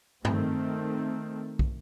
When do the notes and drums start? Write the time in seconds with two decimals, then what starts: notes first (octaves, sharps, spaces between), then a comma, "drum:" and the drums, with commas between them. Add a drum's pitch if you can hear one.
0.25 D#3 A3 C4, drum: tom G2
1.59 drum: kick